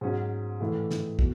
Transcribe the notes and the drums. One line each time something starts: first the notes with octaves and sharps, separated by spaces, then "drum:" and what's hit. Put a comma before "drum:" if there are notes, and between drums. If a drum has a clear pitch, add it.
G#2 F#3 C#4 F#4
A2 E3 A3
drum: snare
B2, drum: kick